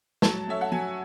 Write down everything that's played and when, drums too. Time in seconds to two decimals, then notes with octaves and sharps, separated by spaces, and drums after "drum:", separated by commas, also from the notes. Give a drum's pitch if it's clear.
0.22 F#3 A5, drum: snare
0.47 A3 C#4 E5
0.61 F#5
0.72 F#3 G#5